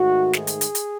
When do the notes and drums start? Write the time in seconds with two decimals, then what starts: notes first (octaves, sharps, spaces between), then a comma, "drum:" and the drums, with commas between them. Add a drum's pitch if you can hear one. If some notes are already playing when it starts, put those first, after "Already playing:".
Already playing: G#2 D#3 A3 F#4
0.33 G#4, drum: snare
0.47 drum: hi-hat
0.61 drum: hi-hat
0.75 drum: hi-hat